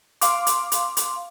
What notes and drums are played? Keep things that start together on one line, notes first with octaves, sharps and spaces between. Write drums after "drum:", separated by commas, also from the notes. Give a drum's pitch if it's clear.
F5 C6 D6, drum: hi-hat
drum: hi-hat
drum: hi-hat
drum: hi-hat